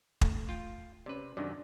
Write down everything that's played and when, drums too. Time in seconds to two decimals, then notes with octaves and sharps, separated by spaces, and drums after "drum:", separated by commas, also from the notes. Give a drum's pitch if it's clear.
0.21 A3, drum: kick
0.49 F4 G5
1.06 C3 C#4 B4 D5
1.37 F#2 C3 D#3 D4 D5